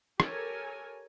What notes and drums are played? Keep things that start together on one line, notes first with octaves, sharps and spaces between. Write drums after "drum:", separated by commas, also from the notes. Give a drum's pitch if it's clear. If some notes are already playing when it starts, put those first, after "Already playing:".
G4 A4 A#4 C#5 G#5, drum: rim click